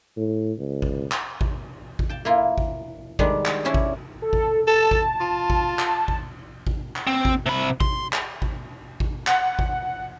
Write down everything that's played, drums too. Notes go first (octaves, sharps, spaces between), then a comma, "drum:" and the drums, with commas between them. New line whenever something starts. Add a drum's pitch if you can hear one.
A2
C#2
drum: kick A1
drum: clap
drum: kick A1
drum: kick A1
G5 A5
A#3 E4 F4
drum: kick A1
D#3 G3 G#3 D4, drum: kick A1
drum: clap
C#4 D4 E4 A5
drum: kick A1
A4
drum: kick A1
A4 A5
drum: kick A1
F4
drum: kick A1
drum: clap
drum: kick A1
drum: kick A1
drum: clap
C4
drum: kick A1
C3 B5
C6, drum: kick A1
drum: clap
drum: kick A1
drum: kick A1
F#5, drum: clap
drum: kick A1